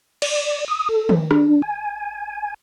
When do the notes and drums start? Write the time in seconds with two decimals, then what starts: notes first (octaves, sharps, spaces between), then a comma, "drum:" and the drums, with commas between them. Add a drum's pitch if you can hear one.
0.22 D5, drum: cymbal
0.68 D#6
0.89 A4
1.09 drum: tom D#3
1.31 D4, drum: rim click
1.62 G#5